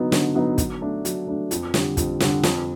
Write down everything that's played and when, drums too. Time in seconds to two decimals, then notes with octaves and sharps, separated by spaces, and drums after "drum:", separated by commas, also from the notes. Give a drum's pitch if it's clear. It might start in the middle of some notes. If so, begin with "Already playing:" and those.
Already playing: D3 F#3 B3 D#4
0.12 D3, drum: snare
0.35 F#3 B3 D#4
0.58 F#3, drum: kick, hi-hat
0.81 A3 D4
1.05 F#3, drum: hi-hat
1.27 A3 D4
1.51 F2, drum: hi-hat
1.74 D3 G3, drum: snare
1.97 F2, drum: kick, hi-hat
2.20 D3 G3, drum: snare
2.43 F2, drum: snare